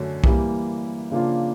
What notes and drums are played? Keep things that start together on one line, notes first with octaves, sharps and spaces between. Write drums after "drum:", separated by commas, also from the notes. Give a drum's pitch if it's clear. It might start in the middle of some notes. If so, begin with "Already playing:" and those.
Already playing: F#2 D3 F#3 A3 C#4
E3 G3 A#3, drum: kick
C#3 F3 A#3 D4 F4